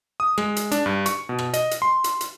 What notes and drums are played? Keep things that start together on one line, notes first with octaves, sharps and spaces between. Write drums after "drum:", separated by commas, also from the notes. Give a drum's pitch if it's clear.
D#6
G#3, drum: rim click
drum: hi-hat
D4, drum: hi-hat
G2
C#6, drum: hi-hat
B2
drum: rim click
D#5, drum: hi-hat
drum: hi-hat
C6
drum: hi-hat
drum: hi-hat